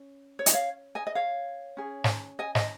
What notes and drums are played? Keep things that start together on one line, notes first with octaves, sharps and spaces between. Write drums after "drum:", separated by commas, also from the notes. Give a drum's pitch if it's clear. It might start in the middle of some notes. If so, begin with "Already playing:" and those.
Already playing: C#4
C#5
D#5, drum: hi-hat
C#5 F5
D#5 G#5
D#5
C#5 F5
C#4 G#4
drum: snare
D#5 G#5
D#5, drum: snare